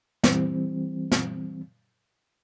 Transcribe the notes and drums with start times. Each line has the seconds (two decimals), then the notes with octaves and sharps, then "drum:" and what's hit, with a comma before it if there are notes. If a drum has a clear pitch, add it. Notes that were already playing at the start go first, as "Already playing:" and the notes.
0.24 E3 G3 C4, drum: snare
1.12 drum: snare